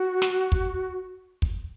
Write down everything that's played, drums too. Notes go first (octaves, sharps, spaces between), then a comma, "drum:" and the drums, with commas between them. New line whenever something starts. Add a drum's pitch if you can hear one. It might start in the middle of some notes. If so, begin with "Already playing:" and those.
Already playing: F#4
drum: snare
drum: kick
drum: kick